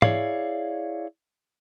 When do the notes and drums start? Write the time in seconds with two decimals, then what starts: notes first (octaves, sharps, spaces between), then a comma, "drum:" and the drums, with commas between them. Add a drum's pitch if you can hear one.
0.02 E4 G#4 C#5 D5 F5, drum: tom